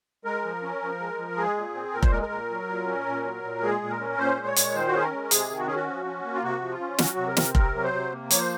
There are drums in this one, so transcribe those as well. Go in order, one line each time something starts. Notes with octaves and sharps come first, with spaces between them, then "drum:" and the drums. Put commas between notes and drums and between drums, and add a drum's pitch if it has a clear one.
G#3 A#4
F3
C#4
F3
G#3
F3
G#3 G#4
A#2
C4
A#2 A#4
C5, drum: kick F1
G#3 A#4
A#4
A#2
F#3
A#2
C#4
A#2
F#3
A#2
G#3 G#4
A#2
A#4
C#4
A#2 C5
G#3
C#5
A#2, drum: hi-hat
D#3 C5
F#4
C#4 G#4
A#4
G#3
C3 G#4, drum: hi-hat
D#3
F#4
C#4 G#4
F#4
F3
C#4
A#3
F4
C3 F#4
F3
F4
C#4
F#3 F#4, drum: snare
C3
A#4
C4, drum: snare
C3 A#4, drum: kick F1
F#3
C5
C3
A#3
F3 C#5, drum: hi-hat
C5